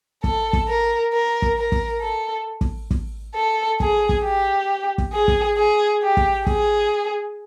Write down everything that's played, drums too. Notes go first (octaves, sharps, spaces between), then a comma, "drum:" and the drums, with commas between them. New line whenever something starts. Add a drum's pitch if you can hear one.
A4, drum: kick
drum: kick
A#4
A#4
drum: kick
A#4
drum: kick
A4
drum: kick
drum: kick
A4
G#4, drum: kick
drum: kick
G4
drum: kick
G#4
drum: kick
G#4
G4
drum: kick
G#4, drum: kick